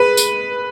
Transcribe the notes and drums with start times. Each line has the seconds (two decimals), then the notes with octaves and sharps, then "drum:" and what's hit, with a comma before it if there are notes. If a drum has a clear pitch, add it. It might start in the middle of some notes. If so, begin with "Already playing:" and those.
Already playing: G#3 B4
0.17 drum: tambourine